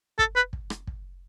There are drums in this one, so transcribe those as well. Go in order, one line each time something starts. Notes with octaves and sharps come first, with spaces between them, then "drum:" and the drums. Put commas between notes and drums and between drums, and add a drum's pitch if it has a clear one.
A4, drum: kick
B4
drum: kick
drum: rim click
drum: kick